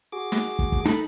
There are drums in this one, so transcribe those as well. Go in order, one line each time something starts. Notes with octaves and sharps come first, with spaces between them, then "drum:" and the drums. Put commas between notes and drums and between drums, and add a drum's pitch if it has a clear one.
F#4 G#4 D6
drum: snare
drum: kick
drum: kick
D#4 A4 B5, drum: snare